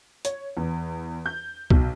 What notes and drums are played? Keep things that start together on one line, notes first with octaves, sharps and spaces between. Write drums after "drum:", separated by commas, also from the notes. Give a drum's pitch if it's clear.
C#5, drum: hi-hat
E2
G6
B1, drum: kick C2